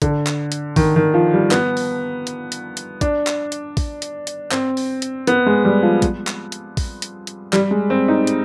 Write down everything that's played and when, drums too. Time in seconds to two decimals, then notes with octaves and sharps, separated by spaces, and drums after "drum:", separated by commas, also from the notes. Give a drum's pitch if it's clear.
0.02 D3, drum: kick, hi-hat
0.27 drum: clap
0.52 drum: hi-hat
0.76 D#3, drum: kick, open hi-hat
0.96 D#3
1.14 F3
1.34 G3
1.51 B3, drum: clap
1.77 drum: open hi-hat
2.27 drum: hi-hat
2.52 drum: hi-hat
2.77 drum: hi-hat
3.01 D4, drum: kick, hi-hat
3.27 drum: clap
3.52 drum: hi-hat
3.77 drum: kick, open hi-hat
4.02 drum: hi-hat
4.27 drum: hi-hat
4.51 C4, drum: clap
4.77 drum: open hi-hat
5.02 drum: hi-hat
5.27 B3, drum: hi-hat
5.46 G#3
5.65 G3
5.83 F3
6.02 drum: kick, hi-hat
6.27 drum: clap
6.52 drum: hi-hat
6.77 drum: kick, open hi-hat
7.02 drum: hi-hat
7.27 drum: hi-hat
7.53 G3, drum: clap
7.71 G#3
7.90 C4
8.08 D#4
8.27 drum: hi-hat